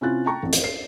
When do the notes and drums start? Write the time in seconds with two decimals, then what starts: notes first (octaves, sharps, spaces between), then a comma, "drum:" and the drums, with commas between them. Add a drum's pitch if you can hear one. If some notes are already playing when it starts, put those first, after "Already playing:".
0.01 C3 C#4 E4 F4 F#6 A6
0.26 G5 A5 A#5 C#6
0.43 A1 F2
0.53 drum: hi-hat
0.64 C7